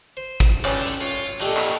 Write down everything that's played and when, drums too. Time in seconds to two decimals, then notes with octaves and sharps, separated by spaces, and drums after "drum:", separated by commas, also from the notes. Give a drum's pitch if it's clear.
0.17 C5
0.40 drum: kick, hi-hat
0.65 C#4 G4 A4 B4 D5, drum: clap
0.87 drum: hi-hat
1.01 F4 C#5
1.41 A#2 A3 D4 G4 A4 D#5
1.57 drum: clap